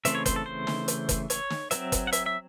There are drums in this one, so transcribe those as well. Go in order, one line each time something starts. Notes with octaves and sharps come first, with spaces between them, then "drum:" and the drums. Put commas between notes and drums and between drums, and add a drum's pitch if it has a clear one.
C#3 E3 A3 C4 E5, drum: hi-hat
C#5
C5, drum: kick F#1, hi-hat
A4
C5
drum: snare
drum: hi-hat
drum: kick F#1, hi-hat
C#5, drum: hi-hat
drum: snare
F#3 C4 E5, drum: hi-hat
drum: kick F#1, hi-hat
F#5
E5, drum: hi-hat
E5